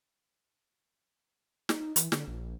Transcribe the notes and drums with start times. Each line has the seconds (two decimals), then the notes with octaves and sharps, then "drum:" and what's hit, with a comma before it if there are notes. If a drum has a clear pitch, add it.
1.69 D#4, drum: snare
1.96 E3, drum: hi-hat
2.12 D3, drum: snare
2.28 A#1